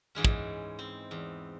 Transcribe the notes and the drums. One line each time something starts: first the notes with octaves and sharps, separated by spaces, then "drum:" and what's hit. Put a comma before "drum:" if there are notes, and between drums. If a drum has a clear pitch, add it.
G#2 E3 G#3 C#4
drum: kick
C4
E2